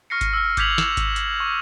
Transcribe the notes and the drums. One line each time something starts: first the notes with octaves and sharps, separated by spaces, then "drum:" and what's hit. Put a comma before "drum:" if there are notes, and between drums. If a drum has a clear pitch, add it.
C#6 F6 A#6 C7 C#7
drum: kick G#1, hi-hat
E6 F6
D6 G6 G#6 B6 F7 F#7, drum: kick G#1, hi-hat
E7, drum: snare
drum: kick G#1, hi-hat
drum: hi-hat
C#6